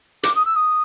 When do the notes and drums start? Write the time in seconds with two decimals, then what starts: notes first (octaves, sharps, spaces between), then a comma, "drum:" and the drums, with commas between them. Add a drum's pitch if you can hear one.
0.23 D6, drum: hi-hat
0.35 D#6
0.45 E6
0.56 D#6